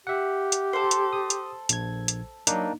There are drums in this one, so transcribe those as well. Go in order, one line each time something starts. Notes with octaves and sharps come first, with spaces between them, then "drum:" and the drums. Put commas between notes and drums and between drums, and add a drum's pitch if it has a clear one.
G4 E5 F#5
drum: hi-hat
A4 C5
drum: hi-hat
D#6
drum: hi-hat
A#1 G#6, drum: hi-hat
drum: hi-hat
F#3 A#3 D4 D#4, drum: hi-hat